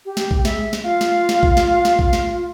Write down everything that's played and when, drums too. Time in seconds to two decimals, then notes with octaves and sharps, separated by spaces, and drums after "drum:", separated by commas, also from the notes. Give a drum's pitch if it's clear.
0.05 G4
0.17 drum: snare
0.31 drum: kick A#1
0.45 G#3 E5, drum: snare
0.73 drum: snare
0.84 F4 F5
1.01 drum: snare
1.29 drum: snare
1.43 drum: kick A#1
1.57 drum: snare
1.85 drum: snare
1.99 drum: kick A#1
2.13 drum: snare